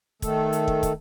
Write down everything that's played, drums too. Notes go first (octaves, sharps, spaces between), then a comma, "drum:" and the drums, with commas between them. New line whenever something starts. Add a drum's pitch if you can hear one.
D#3 A3 A4, drum: kick, hi-hat
drum: hi-hat
drum: kick
drum: kick, hi-hat